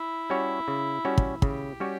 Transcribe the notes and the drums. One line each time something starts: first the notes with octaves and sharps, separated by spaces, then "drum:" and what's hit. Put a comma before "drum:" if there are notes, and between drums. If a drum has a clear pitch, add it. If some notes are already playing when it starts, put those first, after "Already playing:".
Already playing: E4
G3 C#4 F#4 C#5
C#3
G3 C#4 F#4 C#5
drum: kick
C#3 G4, drum: kick
G3 C#4 F#4 C#5